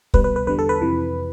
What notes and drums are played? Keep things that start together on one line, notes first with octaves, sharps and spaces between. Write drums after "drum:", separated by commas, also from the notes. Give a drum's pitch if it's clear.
C2 B2 G3 B4, drum: kick
B4
B4
E2 D3 G3 B4
A4
B4
F2 C3 E3